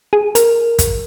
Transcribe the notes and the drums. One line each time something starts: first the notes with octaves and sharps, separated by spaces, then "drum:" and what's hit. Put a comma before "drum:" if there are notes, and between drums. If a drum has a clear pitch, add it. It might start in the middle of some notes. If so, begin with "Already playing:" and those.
G#4
A#4, drum: hi-hat
drum: kick, hi-hat